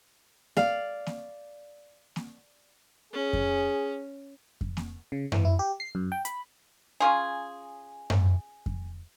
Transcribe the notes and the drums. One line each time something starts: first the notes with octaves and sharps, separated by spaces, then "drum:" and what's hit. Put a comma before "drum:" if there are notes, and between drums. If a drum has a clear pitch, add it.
D5 F5, drum: snare A#3
drum: snare A#3
drum: snare A#3
C#4 G#4
drum: kick F2
drum: kick F2
drum: snare A#3
C#3
E3, drum: tom F#2
E4
G4
C7
F#2
G5
B5, drum: hi-hat
C#4 F4 G#4
drum: tom F#2
drum: kick F2